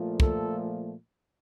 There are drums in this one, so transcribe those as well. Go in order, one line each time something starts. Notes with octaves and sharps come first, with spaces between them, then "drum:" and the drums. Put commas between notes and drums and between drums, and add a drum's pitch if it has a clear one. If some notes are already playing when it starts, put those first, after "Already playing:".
Already playing: A#2 F3 A3
A4, drum: kick